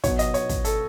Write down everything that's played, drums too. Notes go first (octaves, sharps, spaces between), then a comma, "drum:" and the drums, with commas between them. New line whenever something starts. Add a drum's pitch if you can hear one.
B2 F#3 C#5, drum: kick, hi-hat
D#5, drum: hi-hat
C#5, drum: hi-hat
drum: kick, hi-hat
A4, drum: hi-hat